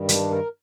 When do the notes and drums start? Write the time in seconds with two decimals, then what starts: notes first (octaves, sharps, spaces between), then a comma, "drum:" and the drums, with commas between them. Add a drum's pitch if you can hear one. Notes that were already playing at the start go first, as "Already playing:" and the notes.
Already playing: G2 D#3 G3
0.09 D4, drum: hi-hat
0.31 A#4